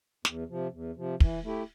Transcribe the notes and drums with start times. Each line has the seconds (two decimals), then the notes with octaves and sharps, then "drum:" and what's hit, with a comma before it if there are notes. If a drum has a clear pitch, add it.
0.25 E2, drum: snare
0.49 C3 F3
0.72 E2
0.96 C3 F3
1.20 E3, drum: kick
1.44 A3 E4 G4